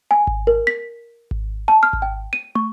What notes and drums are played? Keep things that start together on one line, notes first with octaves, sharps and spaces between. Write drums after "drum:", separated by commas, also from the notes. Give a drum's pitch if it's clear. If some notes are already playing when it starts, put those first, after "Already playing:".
G#5
drum: kick G#1
A#4
B6
drum: kick G#1
A5
F6
drum: kick G#1
G5
D#7
C#6, drum: tom